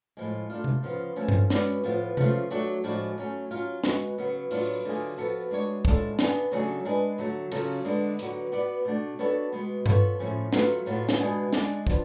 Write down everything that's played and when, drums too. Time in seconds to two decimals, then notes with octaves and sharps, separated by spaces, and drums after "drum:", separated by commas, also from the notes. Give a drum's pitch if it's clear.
0.17 A2 F3 G#3
0.50 A3 D4 F4
0.64 drum: tom C3
0.83 C#3 F3 B3 F4
1.16 F3 A3 C#4 F4 A4
1.28 drum: tom G2
1.50 G#3 C#4 F#4 B4 D5, drum: snare
1.84 A2 F3 B3 F4
2.17 C#3 F3 A3 F4, drum: tom C3
2.51 F#3 A3 D4 F#4
2.84 A2 F3 G#3 D4 F#4
3.17 F#3 A3 C#4
3.51 F#3 C#4 F4
3.84 G#3 B3 F#4, drum: snare
4.18 C#3 F#3 B3
4.51 A2 F#3 B3 D4 F4, drum: open hi-hat
4.85 D3 F#3 A3 F4 G#4
5.18 F3 B3 F#4 A4
5.51 G#3 D4 F#4 C#5
5.85 A2 G#3 D4 F4 A4, drum: kick
6.19 B3 D4 G#4, drum: snare
6.51 C#3 F#3 A3 D4 G#4
6.85 G#3 D4 G#4 B4
7.18 D3 F#3 A3
7.51 C#3 F#3 C#4 F4 A4, drum: cymbal
7.85 D3 G#3 B3 D4
8.19 D3 F#3 B3 F#4, drum: hi-hat
8.52 B3 F#4 B4 D5
8.85 B2 A3 D4
9.19 B3 D4 F#4 A4 C#5
9.52 B2 G#3 B3
9.86 B3 F4 A4 C#5, drum: tom G2
10.19 A2 F3 A3 C#4 G#4
10.53 F#3 A3 F4 B4, drum: snare
10.86 A2 F#3 B3 F4
11.09 drum: snare
11.19 B2 G#3 B3 D4 G#4
11.53 G#3 D4 G#4 D5, drum: snare
11.87 F3 B3 D4, drum: kick